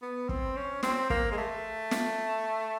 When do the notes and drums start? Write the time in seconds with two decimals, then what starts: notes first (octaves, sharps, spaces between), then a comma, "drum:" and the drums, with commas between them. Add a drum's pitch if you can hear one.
0.02 B3
0.29 C4, drum: kick
0.57 C#4
0.83 C4, drum: snare
1.10 A#3, drum: kick
1.32 G#3
1.38 A3
1.91 drum: snare